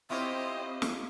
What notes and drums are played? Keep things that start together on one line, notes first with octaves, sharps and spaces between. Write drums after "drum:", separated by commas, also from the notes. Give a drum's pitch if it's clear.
C4 E4 F4 G4 C5 C#5 D#5
drum: snare